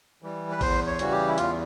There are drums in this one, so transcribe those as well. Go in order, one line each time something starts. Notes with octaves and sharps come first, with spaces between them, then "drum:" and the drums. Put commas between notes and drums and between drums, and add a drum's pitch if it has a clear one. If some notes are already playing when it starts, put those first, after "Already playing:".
E3 G3
B4
E2 C5, drum: kick, open hi-hat
C#5
C#3 E3 G3 F#4, drum: hi-hat
G4
E4
E2 F4, drum: hi-hat